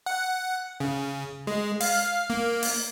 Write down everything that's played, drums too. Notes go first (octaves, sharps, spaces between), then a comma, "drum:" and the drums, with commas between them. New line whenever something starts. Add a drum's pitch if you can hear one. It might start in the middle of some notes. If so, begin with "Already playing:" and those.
F#5
C#3
G#3
F5, drum: open hi-hat
A#3
drum: open hi-hat